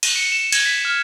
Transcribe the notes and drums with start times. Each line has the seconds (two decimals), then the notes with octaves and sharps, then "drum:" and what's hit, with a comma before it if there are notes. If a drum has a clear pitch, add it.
0.03 D#7, drum: cymbal
0.16 C#7
0.32 E7
0.52 G#6, drum: cymbal
0.65 B6
0.85 F6